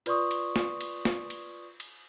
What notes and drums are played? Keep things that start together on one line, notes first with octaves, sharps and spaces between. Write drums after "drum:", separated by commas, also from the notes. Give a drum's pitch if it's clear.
F4 B4 D5 C6 C#6 D#6, drum: cymbal
drum: cymbal
drum: snare
drum: cymbal
drum: snare
drum: cymbal
drum: cymbal